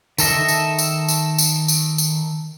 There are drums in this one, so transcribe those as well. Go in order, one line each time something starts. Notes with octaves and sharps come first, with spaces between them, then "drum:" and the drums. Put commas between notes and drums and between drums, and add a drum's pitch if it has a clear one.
D#3 A4 D#5 E5, drum: tambourine
drum: tambourine
drum: tambourine
drum: tambourine
drum: tambourine
drum: tambourine
drum: tambourine